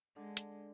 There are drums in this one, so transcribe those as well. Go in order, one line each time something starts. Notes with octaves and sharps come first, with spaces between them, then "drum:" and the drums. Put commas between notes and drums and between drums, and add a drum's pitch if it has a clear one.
D3 G#3
drum: hi-hat